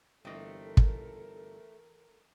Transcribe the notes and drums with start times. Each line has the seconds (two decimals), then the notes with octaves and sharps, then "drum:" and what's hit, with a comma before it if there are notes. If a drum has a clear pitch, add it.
0.25 G1 E3 A3 C4 A4 A#4 D#5
0.77 drum: kick